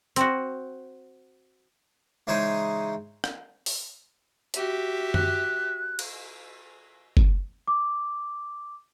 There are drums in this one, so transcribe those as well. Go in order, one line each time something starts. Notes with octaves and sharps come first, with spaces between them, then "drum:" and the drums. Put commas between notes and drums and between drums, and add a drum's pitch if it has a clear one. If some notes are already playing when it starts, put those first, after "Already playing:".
C4 F#4, drum: hi-hat
C#3 E3 G#3 D#4 C5 C#5
drum: rim click
drum: open hi-hat
F#4 G4 E5, drum: hi-hat
F#6, drum: tom F#2
drum: cymbal
drum: kick
D6